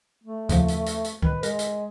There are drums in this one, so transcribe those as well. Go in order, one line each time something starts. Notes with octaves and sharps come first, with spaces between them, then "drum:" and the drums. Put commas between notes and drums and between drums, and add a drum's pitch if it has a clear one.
A3
D#2 C#3 F3, drum: kick, hi-hat
drum: hi-hat
drum: hi-hat
drum: hi-hat
D#3 B4, drum: kick
G#3 A#4, drum: hi-hat
drum: hi-hat